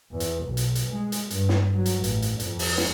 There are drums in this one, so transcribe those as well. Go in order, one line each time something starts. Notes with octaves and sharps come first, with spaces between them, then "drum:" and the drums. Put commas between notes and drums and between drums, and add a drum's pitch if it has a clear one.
E2
drum: hi-hat
B1
drum: hi-hat
drum: hi-hat
G#3
drum: hi-hat
G2, drum: hi-hat
drum: snare
F#3
drum: hi-hat
A1, drum: hi-hat
drum: hi-hat
F2, drum: hi-hat
drum: open hi-hat
drum: snare